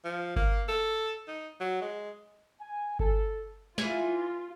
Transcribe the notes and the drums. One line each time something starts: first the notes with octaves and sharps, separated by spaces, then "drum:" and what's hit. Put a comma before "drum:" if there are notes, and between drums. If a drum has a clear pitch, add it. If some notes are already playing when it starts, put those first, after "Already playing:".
F3
A#3, drum: kick G1
A4
D#4
F#3
G#3
G#5
A4, drum: kick G1
E3 F4 G#5, drum: snare